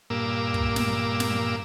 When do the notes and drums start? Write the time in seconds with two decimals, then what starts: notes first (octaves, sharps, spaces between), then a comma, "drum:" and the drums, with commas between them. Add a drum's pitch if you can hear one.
0.10 G2 A#2 A#3 D6 E6
0.54 drum: kick
0.76 drum: snare
1.20 drum: snare